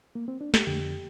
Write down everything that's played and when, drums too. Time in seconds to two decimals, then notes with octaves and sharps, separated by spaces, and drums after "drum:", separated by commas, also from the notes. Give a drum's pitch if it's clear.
0.15 A#3
0.28 C4
0.41 D4
0.54 G4, drum: snare
0.67 F2 D3 G4